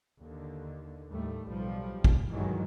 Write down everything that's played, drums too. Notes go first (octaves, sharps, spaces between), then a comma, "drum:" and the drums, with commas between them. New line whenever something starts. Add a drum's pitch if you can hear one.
D#2 D3
D#2 A2 G3 A3
B1 F3 G3
drum: kick
G2 D#3 E3 F#3 G#3